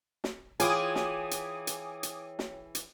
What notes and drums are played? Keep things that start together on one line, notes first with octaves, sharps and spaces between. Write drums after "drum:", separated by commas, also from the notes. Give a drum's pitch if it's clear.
drum: snare
E3 F4 G#4 C#5 G5 G#5 D6 D#6, drum: hi-hat
drum: snare
drum: hi-hat
drum: hi-hat
drum: hi-hat
drum: snare
drum: hi-hat